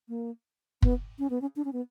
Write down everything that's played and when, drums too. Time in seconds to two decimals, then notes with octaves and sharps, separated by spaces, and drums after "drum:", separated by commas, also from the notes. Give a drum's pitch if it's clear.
0.09 A#3
0.82 B3, drum: kick
1.19 C#4
1.30 B3
1.41 C#4
1.56 D4
1.65 C#4
1.73 B3